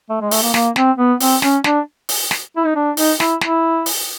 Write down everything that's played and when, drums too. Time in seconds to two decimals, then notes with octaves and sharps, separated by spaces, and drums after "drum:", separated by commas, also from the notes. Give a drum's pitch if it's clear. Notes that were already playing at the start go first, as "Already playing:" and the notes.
0.10 A3
0.21 G#3
0.31 A3, drum: open hi-hat
0.43 A#3
0.54 A#3, drum: snare
0.76 C4, drum: snare
0.98 B3
1.20 C4, drum: open hi-hat
1.42 C#4, drum: snare
1.64 D4, drum: snare
2.09 drum: open hi-hat
2.31 drum: snare
2.57 E4
2.66 D#4
2.75 D4
2.97 D#4, drum: open hi-hat
3.20 E4, drum: snare
3.41 E4, drum: snare
3.86 drum: open hi-hat